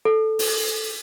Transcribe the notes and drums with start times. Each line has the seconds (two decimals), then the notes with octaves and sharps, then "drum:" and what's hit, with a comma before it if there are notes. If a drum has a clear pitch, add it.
0.05 A4
0.39 drum: open hi-hat